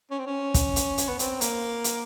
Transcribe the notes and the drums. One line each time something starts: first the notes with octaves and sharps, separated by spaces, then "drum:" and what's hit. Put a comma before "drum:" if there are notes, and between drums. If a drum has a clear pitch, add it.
C#4
C4
C#4
drum: kick, hi-hat
drum: hi-hat
drum: hi-hat
B3
C4, drum: hi-hat
A#3, drum: hi-hat
drum: hi-hat